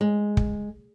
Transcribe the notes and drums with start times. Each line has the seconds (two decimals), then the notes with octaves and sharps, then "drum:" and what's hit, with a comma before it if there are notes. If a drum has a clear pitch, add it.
0.01 G#3
0.37 drum: kick